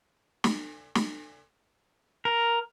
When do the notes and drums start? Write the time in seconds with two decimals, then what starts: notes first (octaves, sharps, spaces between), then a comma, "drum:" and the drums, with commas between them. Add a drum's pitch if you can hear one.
0.44 drum: snare
0.95 drum: snare
2.25 A#4